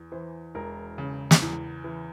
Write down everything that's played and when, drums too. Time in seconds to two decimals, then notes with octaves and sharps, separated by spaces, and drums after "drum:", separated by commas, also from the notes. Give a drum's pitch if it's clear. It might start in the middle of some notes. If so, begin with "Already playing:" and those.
Already playing: E2
0.12 E3 C5
0.55 E1 A#4
0.98 C#3
1.31 drum: snare
1.42 E2
1.84 E3